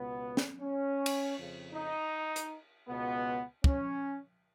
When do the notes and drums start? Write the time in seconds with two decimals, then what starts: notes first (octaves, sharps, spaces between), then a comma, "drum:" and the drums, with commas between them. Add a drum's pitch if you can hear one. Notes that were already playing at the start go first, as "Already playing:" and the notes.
Already playing: C#2 B2 B3
0.37 drum: snare
0.61 C#4
1.06 drum: cymbal
1.37 F2 C#3
1.74 D#4
2.36 drum: hi-hat
2.88 C#2 B2 B3
3.64 C#4, drum: kick